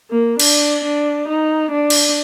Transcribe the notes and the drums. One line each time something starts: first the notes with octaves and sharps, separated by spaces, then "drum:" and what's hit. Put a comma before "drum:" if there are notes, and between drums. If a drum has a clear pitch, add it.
A#3
D4, drum: cymbal
D4
D#4
D4
drum: cymbal